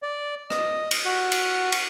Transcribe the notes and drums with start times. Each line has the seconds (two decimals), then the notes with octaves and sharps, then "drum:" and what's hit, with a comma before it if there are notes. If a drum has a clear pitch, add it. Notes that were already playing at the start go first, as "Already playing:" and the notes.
0.02 D5
0.50 D#5, drum: rim click
0.91 drum: cymbal
1.05 F#4
1.32 drum: cymbal
1.72 drum: cymbal